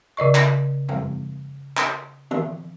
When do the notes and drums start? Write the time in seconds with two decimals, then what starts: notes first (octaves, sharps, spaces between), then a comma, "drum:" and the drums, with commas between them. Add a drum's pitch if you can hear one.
0.17 C#3 D5 D#5 C#6
0.35 drum: clap
0.88 drum: tom
1.77 drum: clap
2.31 drum: tom